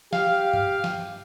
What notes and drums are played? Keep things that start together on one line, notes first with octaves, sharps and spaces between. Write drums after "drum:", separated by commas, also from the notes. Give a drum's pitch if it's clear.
G4 F5, drum: snare
drum: tom G2
drum: snare